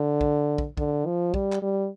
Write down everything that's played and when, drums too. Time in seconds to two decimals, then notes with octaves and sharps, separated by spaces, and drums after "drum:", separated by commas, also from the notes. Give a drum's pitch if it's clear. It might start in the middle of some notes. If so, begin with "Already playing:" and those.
Already playing: D3
0.21 drum: kick
0.58 drum: kick
0.77 D3, drum: kick
1.06 F3
1.34 G3, drum: kick
1.52 drum: clap
1.62 G3